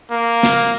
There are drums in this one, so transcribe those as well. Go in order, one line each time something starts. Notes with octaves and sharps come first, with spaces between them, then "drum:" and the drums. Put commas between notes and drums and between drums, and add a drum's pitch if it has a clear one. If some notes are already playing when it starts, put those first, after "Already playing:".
A#3
drum: snare